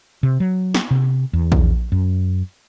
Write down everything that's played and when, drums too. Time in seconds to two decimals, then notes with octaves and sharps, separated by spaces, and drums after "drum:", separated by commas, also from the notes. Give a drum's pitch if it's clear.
0.23 C3
0.40 F#3
0.74 drum: snare
0.91 C3
1.33 E2
1.52 drum: kick A#1
1.92 F#2